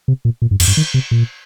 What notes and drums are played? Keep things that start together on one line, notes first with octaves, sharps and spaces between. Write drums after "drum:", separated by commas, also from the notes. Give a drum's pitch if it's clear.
C3
A#2
A#2
G2
F2, drum: cymbal
G2
D#3
C3
A#2